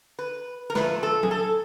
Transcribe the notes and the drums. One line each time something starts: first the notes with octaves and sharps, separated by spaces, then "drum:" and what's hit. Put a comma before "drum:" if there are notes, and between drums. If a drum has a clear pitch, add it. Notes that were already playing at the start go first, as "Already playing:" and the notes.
B4
A#4
A#2 F3 A3 B4, drum: snare
A4
G#4, drum: tom F#3
A4